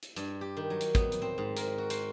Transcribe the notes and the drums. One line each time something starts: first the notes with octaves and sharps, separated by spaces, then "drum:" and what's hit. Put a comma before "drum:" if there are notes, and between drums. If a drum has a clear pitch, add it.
drum: hi-hat
G2, drum: hi-hat
G4
D#3
F#3
drum: hi-hat
B3, drum: kick, hi-hat
drum: hi-hat
C4
G#2
A#4, drum: hi-hat
F#4
C5, drum: hi-hat